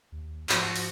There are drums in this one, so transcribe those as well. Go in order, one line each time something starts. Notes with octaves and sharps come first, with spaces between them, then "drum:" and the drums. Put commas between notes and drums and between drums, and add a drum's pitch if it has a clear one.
D#2
G#2 F3 F#4, drum: clap
drum: open hi-hat